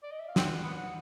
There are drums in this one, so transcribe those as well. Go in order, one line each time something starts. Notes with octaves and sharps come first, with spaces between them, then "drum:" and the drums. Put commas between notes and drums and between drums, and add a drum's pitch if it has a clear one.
D5
D#5
E5
F5
C4 F#5, drum: snare
B3
F#5